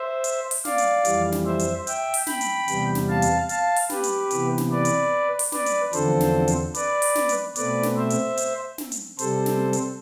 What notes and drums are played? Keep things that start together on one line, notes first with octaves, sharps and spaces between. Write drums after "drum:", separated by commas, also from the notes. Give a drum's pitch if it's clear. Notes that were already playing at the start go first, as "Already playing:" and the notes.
Already playing: C5 E5
drum: hi-hat
drum: open hi-hat
D5 F5, drum: snare
drum: hi-hat
F2 E3 G3, drum: hi-hat
drum: snare
C5 E5
drum: hi-hat
E5 G5, drum: hi-hat
drum: open hi-hat
G5 B5, drum: snare
drum: hi-hat
E2 C3 G3 B3, drum: hi-hat
drum: snare
F5 A5
drum: hi-hat
F5 A5, drum: hi-hat
drum: open hi-hat
G4 B4, drum: snare
drum: hi-hat
C3 E3 B3, drum: hi-hat
drum: snare
B4 D5
drum: hi-hat
drum: open hi-hat
B4 D5, drum: snare
drum: hi-hat
E2 D3 F3 C4 A4 C5, drum: hi-hat
drum: snare
drum: hi-hat
B4 D5, drum: hi-hat
drum: open hi-hat
drum: snare
drum: hi-hat
B2 A3 C4 B4 D5, drum: hi-hat
drum: snare
C5 E5
drum: hi-hat
drum: hi-hat
drum: snare
drum: hi-hat
C3 G3 C4 A4 C5, drum: hi-hat
drum: snare
drum: hi-hat